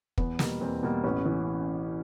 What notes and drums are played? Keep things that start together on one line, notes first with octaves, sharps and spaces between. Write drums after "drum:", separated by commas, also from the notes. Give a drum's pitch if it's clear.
E2 B3, drum: kick
B2 G3 A#3, drum: snare
E2 C4
B2 G3 A#3
A1 B3 C#4
E3